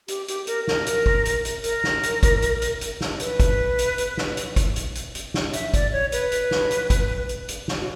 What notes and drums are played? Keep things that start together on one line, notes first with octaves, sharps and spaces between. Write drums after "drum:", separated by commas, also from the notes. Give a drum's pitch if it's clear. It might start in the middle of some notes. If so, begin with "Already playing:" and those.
G4, drum: hi-hat
G4, drum: hi-hat
A#4, drum: hi-hat
A#4, drum: snare
drum: hi-hat
drum: kick
drum: hi-hat
drum: hi-hat
A#4, drum: hi-hat
drum: snare
drum: hi-hat
drum: kick, hi-hat
drum: hi-hat
drum: hi-hat
drum: hi-hat
drum: snare
B4, drum: hi-hat
drum: kick, hi-hat
drum: hi-hat
drum: hi-hat
drum: snare
drum: hi-hat
drum: kick, hi-hat
drum: hi-hat
drum: hi-hat
drum: hi-hat
drum: snare
E5, drum: hi-hat
D5, drum: kick, hi-hat
C#5
B4, drum: hi-hat
drum: hi-hat
drum: snare
drum: hi-hat
drum: kick, hi-hat
drum: hi-hat
drum: hi-hat
drum: snare
F#4